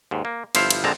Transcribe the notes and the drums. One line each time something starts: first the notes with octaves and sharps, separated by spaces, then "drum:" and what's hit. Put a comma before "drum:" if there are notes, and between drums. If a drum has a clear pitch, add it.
D#2 G#2
A#3
G1 F3 E4 C5 F5, drum: cymbal
drum: cymbal
A#1 D3 G#3 C4 A5 A#5